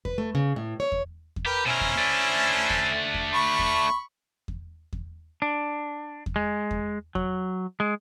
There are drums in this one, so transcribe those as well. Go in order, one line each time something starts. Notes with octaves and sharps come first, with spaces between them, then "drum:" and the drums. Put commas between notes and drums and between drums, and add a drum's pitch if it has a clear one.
B4, drum: kick E2
A3
C#3
A2
C#5
drum: kick E2
drum: kick E2
G4 A#4 B4
B2 C#4 E4 A#4 C5
drum: kick E2
A3 D4
drum: kick E2
drum: kick E2
B5 C#6
drum: kick E2
drum: kick E2
drum: kick E2
D4
drum: kick E2
G#3
drum: kick E2
F#3, drum: kick E2
G#3